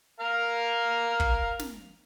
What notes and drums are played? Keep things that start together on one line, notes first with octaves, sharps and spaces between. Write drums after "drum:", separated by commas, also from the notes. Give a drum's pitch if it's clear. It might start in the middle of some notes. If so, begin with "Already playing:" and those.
A#4 F5 A#5
drum: kick
drum: snare